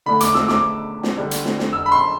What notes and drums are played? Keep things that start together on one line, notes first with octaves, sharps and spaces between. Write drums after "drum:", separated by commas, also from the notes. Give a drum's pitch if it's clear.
D3 A3 D4 B5
D6, drum: hi-hat
E6, drum: snare
D6, drum: snare
drum: snare
D3 G3 D4
drum: hi-hat
drum: snare
drum: snare
E6
B5
C6